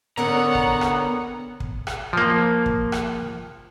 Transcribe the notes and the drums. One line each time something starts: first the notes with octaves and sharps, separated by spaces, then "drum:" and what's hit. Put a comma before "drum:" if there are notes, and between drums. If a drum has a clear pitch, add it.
D3 B3 C#4 A#4 C#5 F#5 A#5
drum: kick
drum: rim click
drum: kick
drum: rim click
F3 A#3
drum: kick
drum: rim click